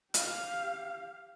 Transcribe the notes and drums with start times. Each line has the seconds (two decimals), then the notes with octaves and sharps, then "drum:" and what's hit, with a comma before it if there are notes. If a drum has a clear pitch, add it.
0.14 G4 F5, drum: hi-hat